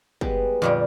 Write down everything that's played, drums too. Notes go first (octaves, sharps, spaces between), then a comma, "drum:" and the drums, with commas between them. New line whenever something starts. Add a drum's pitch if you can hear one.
G3 G#3 B3, drum: kick
F2 A#2 D3 G3 D4 G#4